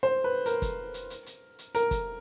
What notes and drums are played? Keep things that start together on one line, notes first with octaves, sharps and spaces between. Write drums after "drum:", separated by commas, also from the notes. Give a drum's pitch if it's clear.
C5
B4
A#4, drum: hi-hat
drum: kick, hi-hat
drum: hi-hat
drum: hi-hat
drum: hi-hat
drum: hi-hat
A#4, drum: hi-hat
drum: kick, hi-hat